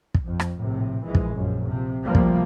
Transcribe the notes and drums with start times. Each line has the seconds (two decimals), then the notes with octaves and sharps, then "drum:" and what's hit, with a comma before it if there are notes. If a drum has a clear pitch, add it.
0.15 drum: kick
0.25 F2
0.40 drum: rim click
0.60 A#1 A2 C3
1.03 A#1 E3 G#3
1.15 drum: kick
1.34 A#1 F#2
1.65 C3 F3
2.05 D2 C3 F3 G3 A#3
2.15 drum: kick